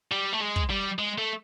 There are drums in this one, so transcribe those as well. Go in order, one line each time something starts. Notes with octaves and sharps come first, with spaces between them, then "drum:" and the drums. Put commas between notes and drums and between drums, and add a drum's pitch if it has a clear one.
G3
A3
G#3
drum: kick
G3
G#3
A3